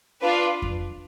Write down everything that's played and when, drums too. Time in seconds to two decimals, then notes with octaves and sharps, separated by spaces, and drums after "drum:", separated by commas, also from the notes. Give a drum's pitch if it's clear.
0.22 D4 F4 B4
0.62 drum: kick F2